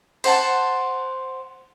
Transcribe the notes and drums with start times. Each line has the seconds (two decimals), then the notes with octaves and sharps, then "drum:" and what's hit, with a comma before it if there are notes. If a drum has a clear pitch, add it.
0.24 C5 F#5 A5, drum: cymbal